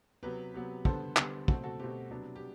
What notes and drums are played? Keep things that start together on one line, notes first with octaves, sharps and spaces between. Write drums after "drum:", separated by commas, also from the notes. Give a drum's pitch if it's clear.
C3 F#3 B3 G4 B4
C3 F#3 B3
D3 G3 B3 A4 C5, drum: kick
D3 G3 B3, drum: clap
B2 A3 C4 F#4 A4, drum: kick
F#4 A4
B2 A3 C4 G4
C3 F#3 B3 D4
G4